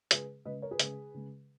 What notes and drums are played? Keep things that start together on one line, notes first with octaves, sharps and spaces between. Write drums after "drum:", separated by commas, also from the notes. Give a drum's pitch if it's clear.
C#3 G#3 G#4 B4, drum: hi-hat
C#3 G#3 B4 D#5
A#4 C#5
G#4 B4
C#3 G#3, drum: hi-hat
C#3 G#3